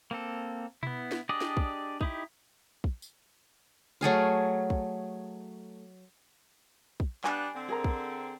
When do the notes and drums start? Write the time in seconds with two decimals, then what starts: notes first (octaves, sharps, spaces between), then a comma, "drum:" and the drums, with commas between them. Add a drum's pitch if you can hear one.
0.11 A#3 C4 A4
0.83 B3 E4, drum: tom B2
1.11 drum: snare
1.29 D4 G4 G#4 D5 D#5
1.41 drum: snare
1.57 drum: kick
2.01 D#4 E4 G4, drum: kick
2.84 drum: kick
3.02 drum: tambourine
4.01 F#3 A3 G#4 F5
4.70 drum: kick
7.00 drum: kick
7.24 G3 B3 D4 G#5, drum: clap
7.54 D3 C4
7.69 G#4 A#4 A#5
7.84 drum: kick